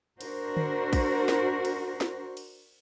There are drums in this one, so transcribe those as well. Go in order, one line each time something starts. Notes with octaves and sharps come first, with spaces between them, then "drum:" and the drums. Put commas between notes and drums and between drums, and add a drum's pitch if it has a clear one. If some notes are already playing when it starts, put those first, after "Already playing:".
D4 F#4 A#4 C5, drum: cymbal
drum: tom D3
drum: kick, cymbal
drum: snare
drum: cymbal
drum: snare
drum: cymbal